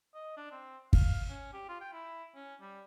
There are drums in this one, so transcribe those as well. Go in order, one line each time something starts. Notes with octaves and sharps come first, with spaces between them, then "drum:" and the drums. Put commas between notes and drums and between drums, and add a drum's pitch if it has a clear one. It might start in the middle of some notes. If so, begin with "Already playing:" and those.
D#5
D4
C4
F5, drum: kick
C#4
G4
F4
G5
E4
C#4
G3